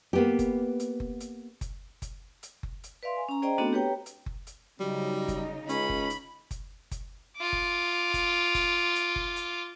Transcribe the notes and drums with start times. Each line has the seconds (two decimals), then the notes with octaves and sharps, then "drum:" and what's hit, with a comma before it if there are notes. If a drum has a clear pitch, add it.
0.13 A#3 B3 G4
0.39 drum: kick F#1, hi-hat
0.80 drum: hi-hat
1.00 drum: kick F#1
1.20 drum: hi-hat
1.61 drum: kick F#1, hi-hat
2.02 drum: kick F#1, hi-hat
2.43 drum: hi-hat
2.63 drum: kick F#1
2.84 drum: hi-hat
3.03 B4 D5 E5 F5 C6
3.16 G#5
3.29 C#4 A#5
3.42 G#4 C5 D5 D#5 G5 A#5
3.58 A3 B3 C4 D4 F#4 A4
3.73 G4 B4 C#5 G5 A#5
4.06 drum: hi-hat
4.26 drum: kick F#1
4.47 drum: hi-hat
4.80 C#3 F#3 G3 D#4
5.28 drum: kick F#1, hi-hat
5.69 C#2 C#4 B5, drum: hi-hat
5.89 drum: kick F#1
6.10 drum: hi-hat
6.51 drum: kick F#1, hi-hat
6.91 drum: kick F#1, hi-hat
7.37 F4 D6
7.53 drum: kick F#1
8.14 drum: kick F#1, hi-hat
8.55 drum: kick F#1, hi-hat
8.95 drum: hi-hat
9.16 drum: kick F#1
9.36 drum: hi-hat